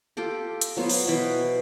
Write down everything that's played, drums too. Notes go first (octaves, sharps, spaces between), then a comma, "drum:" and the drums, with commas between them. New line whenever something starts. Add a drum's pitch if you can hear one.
F4 G4 A4 G5
drum: hi-hat
F#3 B3 F4 C5
drum: open hi-hat
B2 E3 G5 B5